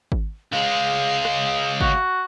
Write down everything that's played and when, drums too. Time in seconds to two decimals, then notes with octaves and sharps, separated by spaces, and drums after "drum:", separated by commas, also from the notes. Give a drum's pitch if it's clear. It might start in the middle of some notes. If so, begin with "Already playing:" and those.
0.12 drum: kick G#1
0.52 C#2 G#3 F5
1.25 drum: rim click
1.81 F#4, drum: kick G#1